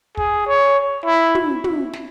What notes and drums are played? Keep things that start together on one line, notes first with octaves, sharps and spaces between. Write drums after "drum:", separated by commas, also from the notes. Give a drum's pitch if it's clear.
G#4, drum: kick
C#5
E4
drum: tom
drum: tom
drum: snare